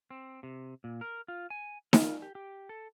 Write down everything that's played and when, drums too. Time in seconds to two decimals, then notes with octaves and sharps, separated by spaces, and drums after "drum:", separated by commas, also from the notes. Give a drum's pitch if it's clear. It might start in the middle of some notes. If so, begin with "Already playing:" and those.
0.11 C4
0.43 C3
0.84 A#2
1.01 A#4
1.28 F4
1.50 G#5
1.93 F4, drum: snare D#4
2.22 G4
2.35 G4
2.69 A4